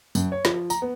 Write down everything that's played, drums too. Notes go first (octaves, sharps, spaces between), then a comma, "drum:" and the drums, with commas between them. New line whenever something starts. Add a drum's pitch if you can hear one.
F#2, drum: tambourine
C#5
F3, drum: snare
A#5, drum: tambourine
B3